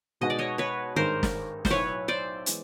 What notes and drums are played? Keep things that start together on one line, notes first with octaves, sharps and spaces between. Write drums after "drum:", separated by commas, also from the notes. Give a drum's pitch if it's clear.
B2 G#3 B3 D#4 F#4 D#5
D5
C#5 D#5
B4 C#5
G#1 G2 D#3 G#3 A#4 C5
drum: snare
C5, drum: snare
B1 A2 F#3 B4 C#5
C5 D5
E3 G#3 B3, drum: hi-hat